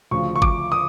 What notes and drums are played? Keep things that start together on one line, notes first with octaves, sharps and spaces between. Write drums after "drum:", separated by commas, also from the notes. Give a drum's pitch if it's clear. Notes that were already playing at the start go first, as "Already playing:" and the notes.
D2 C#3 F3 C#6
C#6
D6, drum: kick G1
D#6